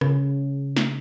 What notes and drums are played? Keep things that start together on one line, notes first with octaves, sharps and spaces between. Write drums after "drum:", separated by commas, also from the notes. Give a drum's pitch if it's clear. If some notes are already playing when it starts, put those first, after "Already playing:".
C#3, drum: rim click
drum: snare